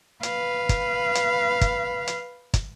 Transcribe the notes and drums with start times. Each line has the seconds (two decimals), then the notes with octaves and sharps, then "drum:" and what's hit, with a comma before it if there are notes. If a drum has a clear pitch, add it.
0.23 B4 F5, drum: hi-hat
0.69 drum: kick, hi-hat
1.15 drum: hi-hat
1.61 drum: kick, hi-hat
2.07 drum: hi-hat
2.54 drum: kick, hi-hat